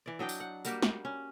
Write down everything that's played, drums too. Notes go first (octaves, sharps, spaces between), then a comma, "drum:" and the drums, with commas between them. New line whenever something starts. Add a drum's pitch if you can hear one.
E3 D5
F#3 D4 D#5 G5
drum: tambourine
F#5
G3 A#3 F#4 G4, drum: tambourine
drum: snare
C#4